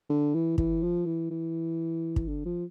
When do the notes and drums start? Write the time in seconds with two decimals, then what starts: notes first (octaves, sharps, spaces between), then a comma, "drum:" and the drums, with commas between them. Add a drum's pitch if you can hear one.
0.09 D3
0.35 E3
0.58 E3, drum: kick
0.83 F3
1.06 E3
1.31 E3
2.16 drum: kick
2.28 D3
2.45 F3